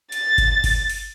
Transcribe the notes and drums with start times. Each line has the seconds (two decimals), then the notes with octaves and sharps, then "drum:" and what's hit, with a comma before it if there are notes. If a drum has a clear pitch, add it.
0.12 A6, drum: hi-hat
0.38 drum: kick G1, hi-hat
0.64 drum: kick G1, open hi-hat
0.90 drum: open hi-hat